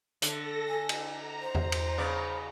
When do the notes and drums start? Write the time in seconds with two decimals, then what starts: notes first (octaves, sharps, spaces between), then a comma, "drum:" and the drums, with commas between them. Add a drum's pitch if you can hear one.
0.22 D3 A4 A#6, drum: hi-hat
0.69 G#5
0.89 drum: cymbal
1.00 A#5
1.41 C5
1.55 drum: tom E2
1.72 drum: cymbal
1.98 C#3 B3 D5